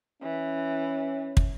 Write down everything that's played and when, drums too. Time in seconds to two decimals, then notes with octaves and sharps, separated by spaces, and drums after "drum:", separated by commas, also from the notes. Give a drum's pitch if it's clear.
0.22 E3 C#4
1.37 drum: kick